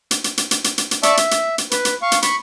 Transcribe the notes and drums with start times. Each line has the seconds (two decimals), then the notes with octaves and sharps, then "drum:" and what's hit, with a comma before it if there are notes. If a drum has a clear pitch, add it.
0.11 drum: hi-hat
0.24 drum: hi-hat
0.38 drum: hi-hat
0.51 drum: hi-hat
0.64 drum: hi-hat
0.78 drum: hi-hat
0.91 drum: hi-hat
1.03 D5 E5 A5 C#6 D6 E6, drum: hi-hat
1.17 E5, drum: hi-hat
1.31 drum: hi-hat
1.58 drum: hi-hat
1.71 B4, drum: hi-hat
1.85 drum: hi-hat
2.02 F5 C#6
2.12 drum: hi-hat
2.22 B5 C#6, drum: hi-hat